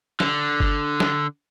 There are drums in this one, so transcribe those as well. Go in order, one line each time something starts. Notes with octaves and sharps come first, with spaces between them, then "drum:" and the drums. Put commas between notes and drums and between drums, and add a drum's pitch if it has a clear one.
D3, drum: snare
drum: kick G1
drum: snare